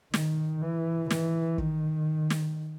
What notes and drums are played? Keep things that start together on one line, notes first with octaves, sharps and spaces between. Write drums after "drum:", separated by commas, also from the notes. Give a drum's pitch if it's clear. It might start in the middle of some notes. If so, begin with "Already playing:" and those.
D#3, drum: snare
E3
E3, drum: snare
D#3, drum: kick
drum: snare